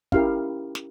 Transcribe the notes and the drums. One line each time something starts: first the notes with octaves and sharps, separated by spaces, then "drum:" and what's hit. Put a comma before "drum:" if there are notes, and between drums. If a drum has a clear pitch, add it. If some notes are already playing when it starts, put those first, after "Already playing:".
C#4 E4 G4 A#4 F5, drum: kick
drum: snare